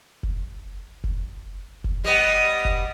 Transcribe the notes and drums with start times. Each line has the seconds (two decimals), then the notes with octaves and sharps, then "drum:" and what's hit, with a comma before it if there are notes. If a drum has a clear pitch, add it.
0.23 drum: kick
1.04 drum: kick
1.84 drum: kick
2.04 G3 B3 D#5
2.65 drum: kick